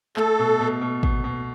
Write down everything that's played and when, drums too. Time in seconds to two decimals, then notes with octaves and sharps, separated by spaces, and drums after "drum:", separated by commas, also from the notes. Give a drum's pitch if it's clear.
0.17 A3 A4, drum: clap
0.39 B2
0.60 B2
0.81 B2
1.03 B2, drum: kick
1.24 B2